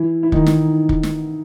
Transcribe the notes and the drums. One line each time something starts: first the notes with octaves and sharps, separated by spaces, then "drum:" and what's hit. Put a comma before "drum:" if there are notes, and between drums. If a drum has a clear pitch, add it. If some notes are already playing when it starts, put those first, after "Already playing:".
Already playing: E3 E4
E4
D#3 D#4, drum: kick
drum: snare
drum: kick
drum: snare